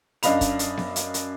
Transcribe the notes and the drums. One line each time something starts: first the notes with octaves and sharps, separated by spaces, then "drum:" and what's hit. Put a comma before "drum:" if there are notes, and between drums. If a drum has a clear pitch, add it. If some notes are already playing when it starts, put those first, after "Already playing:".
F#2 D4 D#5 F5 B5 F7, drum: hi-hat
drum: kick, hi-hat
drum: hi-hat
drum: snare B3
drum: hi-hat
drum: hi-hat